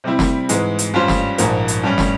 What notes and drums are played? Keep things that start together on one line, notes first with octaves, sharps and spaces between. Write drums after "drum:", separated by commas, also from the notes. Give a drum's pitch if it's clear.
C3 G3 C4 E4
drum: snare
G#2 E3 G#3, drum: hi-hat
drum: hi-hat
G2 G3 C#4 F4 C5
drum: snare
A#1 G#2 F3 A#3, drum: hi-hat
drum: hi-hat
G2 G3 C#4
drum: snare